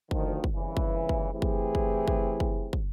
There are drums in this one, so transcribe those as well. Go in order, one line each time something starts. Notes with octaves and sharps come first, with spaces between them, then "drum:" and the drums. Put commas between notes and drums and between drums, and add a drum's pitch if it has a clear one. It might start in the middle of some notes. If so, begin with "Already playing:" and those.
D2 D#3 F3, drum: kick
drum: kick
G1 C2 C#3 E3
drum: kick
drum: kick
E3 A3 C4 E4 G4 G#4
drum: kick
drum: kick
drum: kick
drum: kick
drum: kick